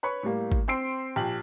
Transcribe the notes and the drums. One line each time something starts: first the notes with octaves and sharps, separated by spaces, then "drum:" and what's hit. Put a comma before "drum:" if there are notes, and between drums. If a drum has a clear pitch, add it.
B4 C#5 B5 C#6
A2 G3 A#3
drum: kick G#1
C4 G5 C6 E6 C7 D7
A#1 G4 F#7